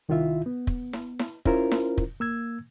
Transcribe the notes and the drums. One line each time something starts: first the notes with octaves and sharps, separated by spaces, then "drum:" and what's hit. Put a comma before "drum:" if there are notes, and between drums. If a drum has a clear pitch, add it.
C2 D#3 E4 F4 E5
B3
drum: kick
drum: snare E4
drum: snare E4
C#4 E4 F4 A#4 C5, drum: kick
drum: snare E4
drum: kick
A#3 E6 G#6